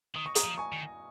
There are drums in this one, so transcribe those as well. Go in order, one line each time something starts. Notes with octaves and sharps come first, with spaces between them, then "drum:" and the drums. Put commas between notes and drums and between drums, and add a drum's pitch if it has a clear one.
D#3 D#6
C#6
A#5 D#6, drum: hi-hat
F3
G#5 C#6
D#3